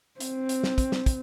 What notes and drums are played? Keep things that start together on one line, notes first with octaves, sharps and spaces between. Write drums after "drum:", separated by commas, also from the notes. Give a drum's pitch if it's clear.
C4, drum: hi-hat
drum: hi-hat
drum: snare
drum: kick, hi-hat
drum: snare
drum: kick, hi-hat